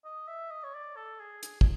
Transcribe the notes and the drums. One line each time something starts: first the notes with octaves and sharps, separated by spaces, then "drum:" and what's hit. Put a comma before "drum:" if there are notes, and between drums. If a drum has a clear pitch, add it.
D#5
E5
D#5
C#5
D5
A4
G#4
G#4, drum: hi-hat
G#4, drum: kick